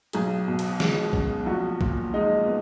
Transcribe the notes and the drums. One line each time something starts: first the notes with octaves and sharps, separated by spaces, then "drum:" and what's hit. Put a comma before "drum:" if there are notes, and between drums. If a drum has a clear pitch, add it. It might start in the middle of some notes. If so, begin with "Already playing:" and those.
B1 G#4, drum: hi-hat
B2
drum: cymbal
G#3, drum: snare
C#4, drum: kick
A#1 F#4
A#2, drum: kick
G#3 D#4
B3